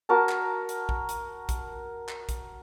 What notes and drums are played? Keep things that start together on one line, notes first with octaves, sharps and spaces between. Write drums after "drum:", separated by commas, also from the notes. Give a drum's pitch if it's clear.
F#4 A#4 A5
drum: clap
drum: hi-hat
drum: kick
drum: hi-hat
drum: kick, hi-hat
drum: clap
drum: kick, hi-hat